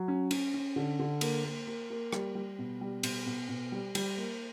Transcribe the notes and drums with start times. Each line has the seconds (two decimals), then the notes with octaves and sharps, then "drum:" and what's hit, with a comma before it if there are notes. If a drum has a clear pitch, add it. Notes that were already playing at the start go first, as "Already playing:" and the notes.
Already playing: F#3
0.08 C#4
0.31 C#4, drum: cymbal
0.54 C#4
0.76 D3
0.99 D3
1.21 A#3, drum: cymbal
1.44 A#3
1.67 A#3
1.90 A#3
2.13 G3, drum: rim click
2.35 G3
2.59 B2
2.81 G3
3.03 B2, drum: cymbal
3.26 B2
3.49 B2
3.72 G3
3.95 G3, drum: cymbal
4.18 A#3